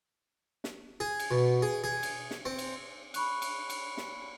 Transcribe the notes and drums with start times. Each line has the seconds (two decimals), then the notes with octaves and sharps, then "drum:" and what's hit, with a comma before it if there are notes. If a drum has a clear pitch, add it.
0.64 drum: snare
1.00 G#4
1.20 drum: cymbal
1.31 B2
1.62 G#4
1.84 G#4
2.03 drum: cymbal
2.31 drum: snare
2.45 C4
2.58 drum: cymbal
3.14 B5 C#6 F#6, drum: cymbal
3.42 drum: cymbal
3.70 drum: cymbal
3.97 drum: snare